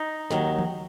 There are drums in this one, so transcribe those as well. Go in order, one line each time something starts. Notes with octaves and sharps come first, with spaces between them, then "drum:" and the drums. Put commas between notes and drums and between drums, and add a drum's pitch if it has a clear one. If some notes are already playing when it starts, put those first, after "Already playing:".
Already playing: D#4
D#2 D#3 F#3, drum: snare
drum: tom E3